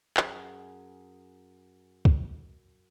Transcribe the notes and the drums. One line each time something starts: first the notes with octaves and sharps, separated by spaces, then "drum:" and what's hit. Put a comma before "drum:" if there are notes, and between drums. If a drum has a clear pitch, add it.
F#2 G#4 E5 F#5 A5, drum: clap
drum: kick